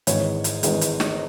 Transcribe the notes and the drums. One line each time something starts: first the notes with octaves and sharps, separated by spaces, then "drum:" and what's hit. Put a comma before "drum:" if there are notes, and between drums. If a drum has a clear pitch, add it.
G#1 G#2 E3 G#3 C#5, drum: hi-hat
drum: hi-hat
G#1 G#2 E3 G#3, drum: hi-hat
drum: hi-hat
drum: snare